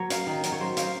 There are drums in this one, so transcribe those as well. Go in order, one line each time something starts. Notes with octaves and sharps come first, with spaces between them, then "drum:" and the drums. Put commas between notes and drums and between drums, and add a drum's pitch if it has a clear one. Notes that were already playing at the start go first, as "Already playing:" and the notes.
Already playing: F#3 A#3 C#5
C#4 F5, drum: hi-hat
D#3
F#3, drum: hi-hat
C#5
F#3 C5
C#4 F5, drum: hi-hat